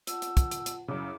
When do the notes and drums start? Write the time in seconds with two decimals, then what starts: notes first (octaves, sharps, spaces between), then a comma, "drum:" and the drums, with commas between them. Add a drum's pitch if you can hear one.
0.07 F4 F#5 A5 E6, drum: hi-hat
0.22 drum: hi-hat
0.37 drum: kick, hi-hat
0.51 drum: hi-hat
0.66 drum: hi-hat
0.88 F#2 C#3 E4 D6